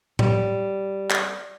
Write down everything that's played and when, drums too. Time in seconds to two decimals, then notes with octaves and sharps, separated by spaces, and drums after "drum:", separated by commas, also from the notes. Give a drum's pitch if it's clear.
0.19 G3, drum: tom A2
1.11 drum: clap